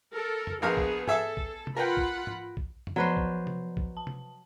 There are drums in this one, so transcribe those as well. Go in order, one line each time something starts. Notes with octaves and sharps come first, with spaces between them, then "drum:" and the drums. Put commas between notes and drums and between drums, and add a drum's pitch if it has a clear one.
A4 A#4
drum: tom F2
A#1 B3 G#4 A#4 F5
drum: kick A#1
G#4 A4 E5, drum: tom G#2
drum: kick A#1
drum: tom C3
F4 A#4 B4 F#5 G5 B5
drum: kick A#1
drum: tom G#2
drum: kick A#1
drum: tom F2
F3 F#3 B4 C5
drum: kick A#1
drum: tom C3
drum: kick A#1
A5
drum: tom C3